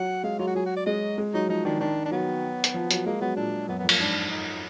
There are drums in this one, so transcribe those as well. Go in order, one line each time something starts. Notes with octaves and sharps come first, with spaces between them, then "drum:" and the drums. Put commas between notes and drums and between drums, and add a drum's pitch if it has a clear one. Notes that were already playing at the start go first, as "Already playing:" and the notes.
Already playing: F#3 F#5
G#3 F5
F#3 F4
F#4
F#3 G#4
F#4
D5
G#3 D#5
G#3
F#3 D#4
F3 D#4
D#3 D4
D#3 D4
D4
F#3 B3
drum: hi-hat
F3
F#3, drum: hi-hat
G#3 A#3
F#3 B3
A#2 D4
F#2 B3
B3
F2
A#3, drum: cymbal
G#2 D4
D#4